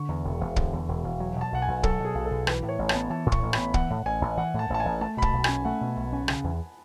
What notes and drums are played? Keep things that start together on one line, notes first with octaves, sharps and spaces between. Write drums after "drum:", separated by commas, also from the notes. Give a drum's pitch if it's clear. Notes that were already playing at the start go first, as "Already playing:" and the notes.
Already playing: D3 C#6
E2
E1
E1
D3, drum: kick
E2
E1
E1
F#3
B2 A5
B1 F#5
G#5
B1
F#3 A4, drum: kick
B2 G#4
B1
A4
B1
E3 B4, drum: rim click
A2
C#5
A1
A5, drum: rim click
B3
E3 A5
A2
C#6, drum: kick
A1
B5, drum: rim click
B3
E3 F#5, drum: kick
A2
A1 G#5
A1
E3 F#5
A2
A5
A1 A5
G#5
A1
A3 A5
B2 B5
A5, drum: kick
B1
G#5, drum: rim click
C#4
A3 F#5
B2
B1
C#4
C#3, drum: rim click
E2